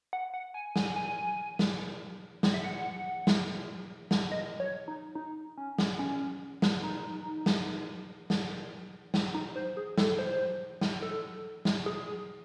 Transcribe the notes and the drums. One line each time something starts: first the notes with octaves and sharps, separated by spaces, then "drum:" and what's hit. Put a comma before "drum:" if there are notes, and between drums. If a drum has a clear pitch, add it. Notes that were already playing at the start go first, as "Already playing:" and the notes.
F#5
F#5
G#5
G#5, drum: snare
G#5
drum: snare
drum: snare
E5
F#5
drum: snare
drum: snare
D#5
C#5
D#4
D#4
C#4
drum: snare
C#4
drum: snare
D#4
drum: snare
drum: snare
drum: snare
D#4
C5
G#4
A4, drum: snare
C5
drum: snare
A4
drum: snare
G#4